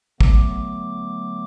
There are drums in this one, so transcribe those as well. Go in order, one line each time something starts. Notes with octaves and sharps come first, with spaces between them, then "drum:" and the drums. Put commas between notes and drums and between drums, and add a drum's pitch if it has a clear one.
D3 F#3 A3 B3 D6, drum: kick